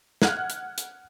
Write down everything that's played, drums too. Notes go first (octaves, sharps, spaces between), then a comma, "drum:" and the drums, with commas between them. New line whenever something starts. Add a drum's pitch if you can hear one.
F#5 F6 F#6 G#6, drum: snare
drum: hi-hat
drum: hi-hat